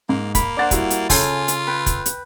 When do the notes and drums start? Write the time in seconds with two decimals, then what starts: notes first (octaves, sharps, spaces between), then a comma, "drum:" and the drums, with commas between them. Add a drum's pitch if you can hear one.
0.09 G#2 A#3
0.35 A#3 B5, drum: kick, hi-hat
0.57 D4 C5 F#5 D6 A6
0.71 G3 E4 F#4, drum: kick, hi-hat
0.90 drum: hi-hat
1.10 C#3 F4 A4 G5 G#5, drum: kick, open hi-hat
1.48 drum: hi-hat
1.67 B4 G5
1.86 drum: kick, hi-hat
2.06 drum: hi-hat